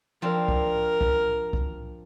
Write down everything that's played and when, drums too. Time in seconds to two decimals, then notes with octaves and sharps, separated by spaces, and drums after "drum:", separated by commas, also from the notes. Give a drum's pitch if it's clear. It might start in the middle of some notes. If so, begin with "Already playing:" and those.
0.22 F3 C4 D4 A#4
0.48 drum: kick C2
1.01 drum: kick C2
1.53 drum: kick C2